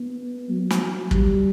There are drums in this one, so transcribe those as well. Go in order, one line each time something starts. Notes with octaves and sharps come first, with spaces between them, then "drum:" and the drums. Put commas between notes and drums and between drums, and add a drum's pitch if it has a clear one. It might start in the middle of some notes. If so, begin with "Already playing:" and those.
Already playing: B3
F#3
drum: snare
F#3
G3, drum: kick